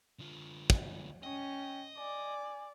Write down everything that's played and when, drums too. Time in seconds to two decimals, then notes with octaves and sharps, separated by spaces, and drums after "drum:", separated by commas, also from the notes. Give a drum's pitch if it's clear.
0.19 D3 F4
0.70 drum: kick
1.23 C#4 D#5 G5
1.98 D5 G#5